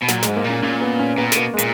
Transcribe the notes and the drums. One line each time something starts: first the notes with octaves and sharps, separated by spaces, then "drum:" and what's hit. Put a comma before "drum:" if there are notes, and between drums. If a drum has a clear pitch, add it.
B2
A#2 F#3, drum: snare
G#3, drum: snare
G#2
A#3
A#2 C#4
A#2 C#4
B3
C#4
A#2 B3
B2 A#3, drum: snare
G#3
A#2, drum: hi-hat